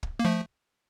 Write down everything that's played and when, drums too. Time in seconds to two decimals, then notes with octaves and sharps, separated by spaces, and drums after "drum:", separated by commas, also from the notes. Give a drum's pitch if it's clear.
0.03 drum: kick
0.19 A#3
0.25 F3 A3